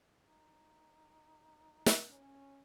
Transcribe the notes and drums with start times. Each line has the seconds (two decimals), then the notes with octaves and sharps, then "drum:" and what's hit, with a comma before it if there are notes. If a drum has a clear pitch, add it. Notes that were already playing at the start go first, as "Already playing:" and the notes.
0.24 D#4
1.86 drum: snare
2.10 C#4